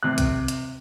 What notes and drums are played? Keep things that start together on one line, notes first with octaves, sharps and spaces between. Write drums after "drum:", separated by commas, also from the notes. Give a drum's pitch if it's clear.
C3 F#6
drum: kick, hi-hat
drum: hi-hat